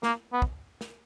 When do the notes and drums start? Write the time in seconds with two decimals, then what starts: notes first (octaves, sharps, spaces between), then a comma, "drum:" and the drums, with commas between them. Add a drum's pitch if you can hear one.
0.03 A#3, drum: snare
0.33 B3
0.42 drum: kick
0.81 drum: snare